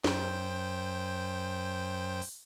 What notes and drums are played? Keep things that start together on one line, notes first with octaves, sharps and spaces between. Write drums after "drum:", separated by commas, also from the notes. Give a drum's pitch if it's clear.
F#2 C5 G5, drum: snare
drum: open hi-hat